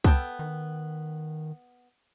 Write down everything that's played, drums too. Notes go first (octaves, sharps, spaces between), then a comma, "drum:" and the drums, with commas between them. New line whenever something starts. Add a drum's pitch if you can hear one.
B3 A4 G5, drum: kick C2
D#3